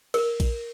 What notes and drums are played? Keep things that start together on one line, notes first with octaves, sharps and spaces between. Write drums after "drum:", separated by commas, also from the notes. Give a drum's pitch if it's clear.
A#4, drum: cymbal
drum: kick A#1, cymbal